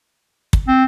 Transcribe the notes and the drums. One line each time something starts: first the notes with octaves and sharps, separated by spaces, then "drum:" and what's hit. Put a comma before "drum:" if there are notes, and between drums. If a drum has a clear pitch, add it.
drum: kick
C4